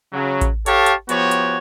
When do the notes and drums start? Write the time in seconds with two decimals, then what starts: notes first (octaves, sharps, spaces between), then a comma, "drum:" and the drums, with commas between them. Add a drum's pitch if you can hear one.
0.13 C#3 F#3
0.41 drum: kick A1, hi-hat
0.66 G4 A4 C#5 F5 A5, drum: hi-hat
0.86 drum: hi-hat
1.09 F3 B3 F#4 G4 C#5, drum: hi-hat
1.31 drum: hi-hat